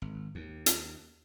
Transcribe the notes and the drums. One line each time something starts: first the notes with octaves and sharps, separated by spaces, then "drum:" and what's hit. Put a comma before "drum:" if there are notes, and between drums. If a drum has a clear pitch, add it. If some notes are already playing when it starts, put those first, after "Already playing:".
G#1
D#2
drum: hi-hat